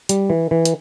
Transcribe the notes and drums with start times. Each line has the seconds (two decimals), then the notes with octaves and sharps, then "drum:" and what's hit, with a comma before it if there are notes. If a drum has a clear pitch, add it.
0.09 G3, drum: hi-hat
0.30 E3
0.51 E3
0.65 drum: hi-hat